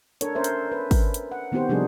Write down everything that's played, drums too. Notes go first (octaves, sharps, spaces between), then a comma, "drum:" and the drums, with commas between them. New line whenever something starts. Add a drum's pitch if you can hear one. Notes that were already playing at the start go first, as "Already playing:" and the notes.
D4 A4 A#4 C#5, drum: hi-hat
C#4 A#4 C5 E5
drum: hi-hat
B4
drum: kick, open hi-hat
drum: hi-hat
F#5
D#3 B3 C4 F#4 G4 C5
C3 F3 G3 D4 D#4 G#4